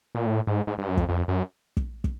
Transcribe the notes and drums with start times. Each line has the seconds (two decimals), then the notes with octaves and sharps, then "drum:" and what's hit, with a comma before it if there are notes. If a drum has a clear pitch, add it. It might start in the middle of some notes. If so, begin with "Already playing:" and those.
0.15 A#2
0.26 A2
0.47 G#2
0.67 G#2
0.78 G2
0.88 F#2
0.97 F2, drum: kick
1.09 F2
1.28 F#2
1.77 drum: kick
2.04 drum: kick